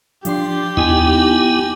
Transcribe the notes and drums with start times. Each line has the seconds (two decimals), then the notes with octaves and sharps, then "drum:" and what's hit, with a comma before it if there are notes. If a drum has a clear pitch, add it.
0.25 F3 D4 G4 C6, drum: hi-hat
0.77 B3 D#4 E4 G#5, drum: tom D#2